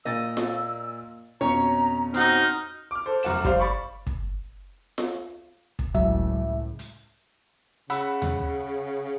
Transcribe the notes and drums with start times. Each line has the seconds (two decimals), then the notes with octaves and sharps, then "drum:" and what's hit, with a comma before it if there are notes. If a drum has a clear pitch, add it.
0.05 A#2 A#3 D#5 E6 A6
0.37 drum: snare F4
1.41 F2 B2 C#4 C#5 A#5
2.14 C4 D#4 F#4 F6, drum: hi-hat
2.91 D6 F6
3.06 A4 C5
3.23 F1 F#2 F#5 E7, drum: hi-hat
3.45 G3 C5 F5, drum: kick
3.60 D5 B5 C#6
4.07 drum: kick
4.98 drum: snare F4
5.79 drum: kick
5.95 C#2 A2 F#3 E5, drum: kick
6.79 drum: hi-hat
7.90 C#3 F#5 B5 E6, drum: hi-hat
8.22 drum: tom D#2